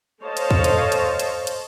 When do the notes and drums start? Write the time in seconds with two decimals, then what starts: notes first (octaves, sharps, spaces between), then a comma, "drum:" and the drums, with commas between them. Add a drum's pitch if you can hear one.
0.23 A4 C5 C#5 D#5 F5 A5
0.37 drum: hi-hat
0.50 drum: kick
0.64 drum: hi-hat
0.92 drum: hi-hat
1.19 drum: hi-hat
1.47 drum: hi-hat